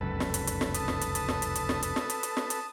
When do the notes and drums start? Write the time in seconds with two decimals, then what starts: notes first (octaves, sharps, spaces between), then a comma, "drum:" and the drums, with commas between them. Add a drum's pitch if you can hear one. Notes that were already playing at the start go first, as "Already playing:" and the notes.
0.01 F1 C#2 F#2 A4 B4
0.20 drum: snare
0.34 drum: hi-hat
0.47 drum: hi-hat
0.61 drum: snare
0.74 A5 D#6, drum: hi-hat
0.88 drum: snare
1.01 drum: hi-hat
1.15 drum: hi-hat
1.28 drum: snare
1.42 drum: hi-hat
1.55 drum: hi-hat
1.69 drum: snare
1.83 drum: hi-hat
1.96 drum: snare
2.10 drum: hi-hat
2.23 drum: hi-hat
2.37 drum: snare
2.50 drum: hi-hat